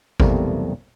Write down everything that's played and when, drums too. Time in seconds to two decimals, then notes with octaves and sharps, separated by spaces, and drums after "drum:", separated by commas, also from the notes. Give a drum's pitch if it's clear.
0.20 B1 E2 C3 G3 A3 A#3, drum: kick G#1